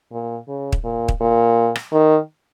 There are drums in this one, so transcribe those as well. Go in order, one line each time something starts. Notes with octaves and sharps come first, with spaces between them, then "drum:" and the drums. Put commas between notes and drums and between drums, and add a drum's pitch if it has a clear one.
A#2
C#3
drum: kick
A#2
drum: kick
A#2
drum: rim click
D#3